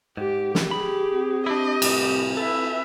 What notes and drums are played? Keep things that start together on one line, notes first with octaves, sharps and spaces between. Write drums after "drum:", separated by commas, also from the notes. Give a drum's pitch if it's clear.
G#2 G4
drum: snare
G4 G#4 B5
C4
D4 E4 G4 D#5
C2 A2, drum: cymbal
E4 A4 B4 E5